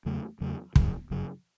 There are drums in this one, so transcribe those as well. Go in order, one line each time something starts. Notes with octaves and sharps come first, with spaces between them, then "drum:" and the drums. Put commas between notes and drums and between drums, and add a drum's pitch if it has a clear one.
E2 C#3 F#3 A3
E2 C#3 F#3 A3
G1 F#2 C#3 F#3, drum: kick
G1 F#2 C#3 F#3